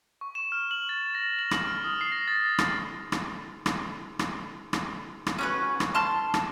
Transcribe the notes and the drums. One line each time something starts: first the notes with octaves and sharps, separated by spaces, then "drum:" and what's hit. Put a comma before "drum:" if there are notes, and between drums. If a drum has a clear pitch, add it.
C#6
E7
F6
F#7
A6
A#6
F#7
drum: rim click
F6
D#6
C7
A#6
A6
drum: rim click
drum: rim click
drum: rim click
drum: rim click
drum: rim click
drum: rim click
C#4 F#4 B4
drum: rim click
A5 C6 F6
drum: rim click